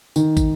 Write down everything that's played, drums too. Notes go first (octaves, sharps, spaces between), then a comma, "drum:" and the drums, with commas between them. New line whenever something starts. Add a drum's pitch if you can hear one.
D#3, drum: tambourine
drum: kick, tambourine